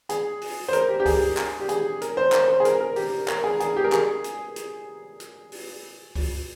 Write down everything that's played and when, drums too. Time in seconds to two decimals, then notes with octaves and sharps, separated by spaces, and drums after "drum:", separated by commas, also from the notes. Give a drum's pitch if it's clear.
0.09 G#4, drum: hi-hat
0.41 drum: open hi-hat
0.68 C5
0.73 A#4, drum: hi-hat
0.89 G4
1.00 G4
1.06 G#4, drum: kick C#2, open hi-hat
1.37 drum: clap
1.60 G4
1.69 G#4, drum: hi-hat
2.01 A#4, drum: hi-hat
2.17 C5
2.32 A#4, drum: clap
2.48 C5
2.60 G#4
2.65 A#4, drum: hi-hat
2.81 A#4
2.96 G4, drum: open hi-hat
3.28 A#4, drum: clap
3.44 G#4
3.60 G#4, drum: hi-hat
3.76 G4
3.84 A#4
3.92 G#4, drum: clap
4.24 drum: hi-hat
4.56 drum: hi-hat
5.20 drum: hi-hat
5.52 drum: open hi-hat
6.15 drum: kick C#2, open hi-hat